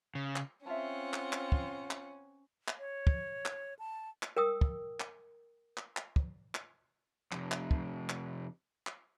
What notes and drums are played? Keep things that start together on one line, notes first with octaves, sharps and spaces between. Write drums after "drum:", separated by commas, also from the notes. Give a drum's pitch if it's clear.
C#3
drum: clap
C4 C#4 F4 E5 F#5 A5
drum: clap
drum: clap
drum: kick
drum: clap
drum: clap
C#5
drum: kick
drum: clap
A5
drum: clap
A#4 G5 D#6 E6
drum: kick
drum: clap
drum: clap
drum: clap
drum: kick
drum: clap
F2 C3, drum: clap
drum: clap
drum: kick
drum: clap
drum: clap